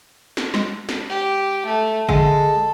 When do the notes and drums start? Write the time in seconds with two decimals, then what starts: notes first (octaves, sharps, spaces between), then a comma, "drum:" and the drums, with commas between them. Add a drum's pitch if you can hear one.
0.37 drum: snare
0.54 G#3, drum: snare
0.89 drum: snare
1.10 G4
1.66 A3
2.09 D3 G#3 A4, drum: kick G#1